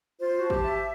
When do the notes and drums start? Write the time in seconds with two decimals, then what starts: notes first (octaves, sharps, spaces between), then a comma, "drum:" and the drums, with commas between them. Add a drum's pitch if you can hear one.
0.21 F4 C5
0.39 F#4 A5
0.50 G4, drum: kick
0.64 E5